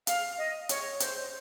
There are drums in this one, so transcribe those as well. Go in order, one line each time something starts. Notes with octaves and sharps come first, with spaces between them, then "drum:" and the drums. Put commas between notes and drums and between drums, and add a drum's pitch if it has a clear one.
F5, drum: hi-hat
D#5
C#5, drum: hi-hat
C5, drum: hi-hat